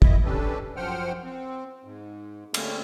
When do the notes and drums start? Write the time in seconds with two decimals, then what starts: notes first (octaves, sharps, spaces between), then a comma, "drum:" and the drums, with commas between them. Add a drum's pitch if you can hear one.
0.02 D#3 E4 D#5 E5, drum: kick
0.25 C#4 D4 G4 A4 B4
0.76 F#2 F3 C5 F#5 G5 F6
1.24 C4
1.85 G#2
2.54 D3 G3 A3 A#3 C4 C#4, drum: cymbal